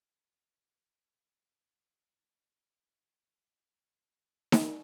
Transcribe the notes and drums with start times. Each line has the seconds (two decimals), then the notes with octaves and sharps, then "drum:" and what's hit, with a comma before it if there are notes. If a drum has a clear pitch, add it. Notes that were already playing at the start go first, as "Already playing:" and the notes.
0.09 C6
0.22 G#2 C6
0.32 G#2 C#6
0.42 A2
0.49 D6
0.53 A#2
0.62 B2 D6
0.73 C3
0.83 E6
0.93 C#3
1.03 C#3 E6
1.85 D#6
1.98 D6
2.12 D6
2.25 D3 C#6
2.36 C3
2.46 B2 B5
2.55 G#2
2.65 G2 C6
2.71 A2
2.76 G#2 C#6
2.86 A#2
2.94 D6
2.96 C3
3.07 F3 C#6
3.17 A#3 D6
3.26 B3
3.34 C#6
3.38 C4
3.47 B3 C6
3.61 B5
3.68 A#3
3.75 A#5
3.88 A#3 A5
4.52 drum: snare D#4